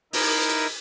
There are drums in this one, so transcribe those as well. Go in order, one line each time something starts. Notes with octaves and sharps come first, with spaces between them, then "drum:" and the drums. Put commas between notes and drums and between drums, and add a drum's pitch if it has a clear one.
D#4 E4 A#4, drum: open hi-hat
drum: hi-hat